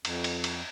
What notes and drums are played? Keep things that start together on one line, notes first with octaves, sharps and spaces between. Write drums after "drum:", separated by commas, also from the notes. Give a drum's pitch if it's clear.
F2, drum: cymbal
drum: cymbal
drum: cymbal